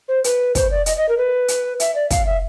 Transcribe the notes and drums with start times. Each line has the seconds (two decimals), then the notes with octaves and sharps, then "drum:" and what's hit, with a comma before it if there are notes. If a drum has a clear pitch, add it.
0.08 C5
0.24 B4, drum: hi-hat
0.55 C5, drum: kick, hi-hat
0.71 D5
0.86 D#5, drum: hi-hat
0.97 D#5
1.09 A#4
1.18 B4
1.48 drum: hi-hat
1.80 E5, drum: hi-hat
1.95 D5
2.11 F5, drum: kick, hi-hat
2.26 E5